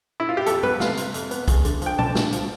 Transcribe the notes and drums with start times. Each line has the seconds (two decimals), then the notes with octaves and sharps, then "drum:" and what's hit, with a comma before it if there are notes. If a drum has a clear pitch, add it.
0.20 E4
0.29 F4
0.37 G4
0.46 F2 A4, drum: hi-hat
0.63 B3 B4, drum: tom
0.80 C3 F5, drum: snare
0.97 C3, drum: hi-hat
1.14 F2, drum: hi-hat
1.31 B3, drum: hi-hat
1.48 E2, drum: kick, hi-hat
1.65 D3, drum: hi-hat
1.82 F3 G5, drum: hi-hat
1.99 D3 A5, drum: tom
2.15 D3, drum: snare
2.33 F3, drum: hi-hat